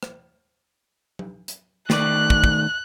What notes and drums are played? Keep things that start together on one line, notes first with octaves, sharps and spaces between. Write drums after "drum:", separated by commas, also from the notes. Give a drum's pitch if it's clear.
drum: rim click
drum: tom F#3
drum: hi-hat
D#3 A3 D5 F#6, drum: snare
drum: kick
drum: kick